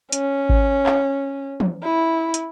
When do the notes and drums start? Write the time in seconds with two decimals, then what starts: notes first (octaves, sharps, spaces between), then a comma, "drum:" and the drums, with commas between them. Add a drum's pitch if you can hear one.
0.12 C#4, drum: hi-hat
0.49 drum: kick G#1
0.86 drum: clap
1.60 drum: tom E3
1.83 E4
2.34 drum: hi-hat